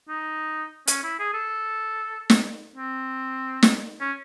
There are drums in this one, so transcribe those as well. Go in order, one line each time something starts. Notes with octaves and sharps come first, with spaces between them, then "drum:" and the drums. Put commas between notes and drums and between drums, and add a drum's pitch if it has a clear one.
D#4
C#4, drum: hi-hat
E4
G#4
A4
drum: snare
C4
drum: snare
C#4